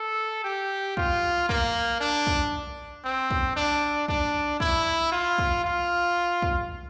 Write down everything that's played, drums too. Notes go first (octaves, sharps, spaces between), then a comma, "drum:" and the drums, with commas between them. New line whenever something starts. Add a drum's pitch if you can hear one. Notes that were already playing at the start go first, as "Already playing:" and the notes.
Already playing: A4
G4
F4, drum: kick
A#3, drum: kick
D4
drum: kick
C4
drum: kick
D4
D4, drum: kick
E4, drum: kick
F4
drum: kick
F4
drum: kick